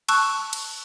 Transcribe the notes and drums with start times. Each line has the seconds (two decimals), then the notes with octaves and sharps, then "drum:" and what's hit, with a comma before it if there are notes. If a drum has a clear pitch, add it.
0.09 A5 C#6 E6 F#6, drum: cymbal
0.53 drum: cymbal